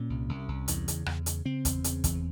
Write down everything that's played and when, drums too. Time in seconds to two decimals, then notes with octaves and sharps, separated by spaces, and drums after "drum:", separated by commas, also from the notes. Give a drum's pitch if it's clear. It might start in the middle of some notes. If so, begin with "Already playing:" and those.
Already playing: A#2 C#4
0.10 C2
0.29 C2
0.48 C2
0.68 E2, drum: hi-hat
0.88 C#3, drum: hi-hat
1.06 E2, drum: rim click
1.26 C#3, drum: hi-hat
1.45 C#3 C4
1.65 E2, drum: kick, hi-hat
1.84 C#3, drum: hi-hat
2.04 E2, drum: kick, hi-hat